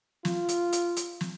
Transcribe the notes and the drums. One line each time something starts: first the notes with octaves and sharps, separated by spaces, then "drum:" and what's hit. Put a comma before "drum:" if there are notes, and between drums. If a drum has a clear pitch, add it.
F4, drum: snare
drum: hi-hat
drum: hi-hat
drum: hi-hat
drum: snare